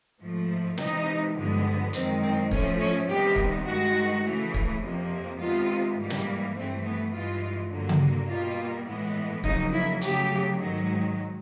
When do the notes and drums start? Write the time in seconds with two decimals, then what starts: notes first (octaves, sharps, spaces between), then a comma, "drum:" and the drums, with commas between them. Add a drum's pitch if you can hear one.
0.20 G#2 F3 A3
0.78 C3 E3 G#3 D#4, drum: snare
1.36 G2 D3 F3 G#3 B3
1.93 F#2 D#3 G#3 C4, drum: hi-hat
2.22 C4
2.51 A2 F3 A3 C#4, drum: kick
2.80 C#4
3.09 C3 D#3 G3 B3 G4
3.36 drum: kick
3.66 G2 D#3 G#3 F#4
4.24 C#3 E3 A3
4.54 drum: kick
4.82 F2 C3 F3 A#3
5.39 C3 D#3 G#3 B3 F4
5.97 G#2 E3 G3 A#3
6.10 drum: snare
6.55 G2 E3 A3 C4
6.85 B3
7.13 G2 E3 G#3 F4
7.71 G2 D3 F#3 A#3
7.89 drum: tom C#3
8.29 B2 G3 A#3 F4
8.86 A2 E3 G#3 B3
9.44 F2 C#3 F#3 A#3 D#4, drum: kick
9.72 E4
10.01 C#3 F#3 A3 G4, drum: hi-hat
10.59 G#2 D#3 F#3